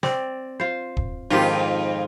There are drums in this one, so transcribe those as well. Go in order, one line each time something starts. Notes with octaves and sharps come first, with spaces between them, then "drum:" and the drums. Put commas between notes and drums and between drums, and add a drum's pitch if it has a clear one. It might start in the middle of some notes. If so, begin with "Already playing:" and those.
C4 D5, drum: snare
F4 C5
drum: kick
F2 G#2 D#3 F4 G4